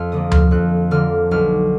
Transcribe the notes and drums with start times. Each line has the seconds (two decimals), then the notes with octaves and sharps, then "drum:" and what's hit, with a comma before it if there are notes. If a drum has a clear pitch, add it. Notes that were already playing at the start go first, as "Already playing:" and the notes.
Already playing: F2 F6
0.12 D3 F3 A#3 D#6
0.32 F6, drum: tom D2
0.51 F2 F#6
0.91 D3 F3 A#3 F6
1.31 B1 F6